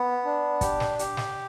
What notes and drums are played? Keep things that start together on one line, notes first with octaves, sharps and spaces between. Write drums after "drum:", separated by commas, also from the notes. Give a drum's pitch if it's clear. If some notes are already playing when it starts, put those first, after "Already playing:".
Already playing: B3
D4
G4, drum: kick, hi-hat
drum: snare
G4, drum: hi-hat
drum: snare